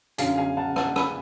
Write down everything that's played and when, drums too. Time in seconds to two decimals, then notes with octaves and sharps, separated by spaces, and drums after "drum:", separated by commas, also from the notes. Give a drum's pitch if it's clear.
0.18 F#2 D3 F#3 C#4 F5 G#5, drum: hi-hat
0.38 F5 G#5
0.57 F#5 A5
0.76 F#5 A5, drum: rim click
0.96 G#5 B5, drum: rim click